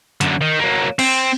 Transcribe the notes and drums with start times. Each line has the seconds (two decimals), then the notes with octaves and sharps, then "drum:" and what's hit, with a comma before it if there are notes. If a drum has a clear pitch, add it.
0.21 F#2 D3, drum: hi-hat
0.41 D#3
0.59 F#3 A#3
0.99 C4, drum: cymbal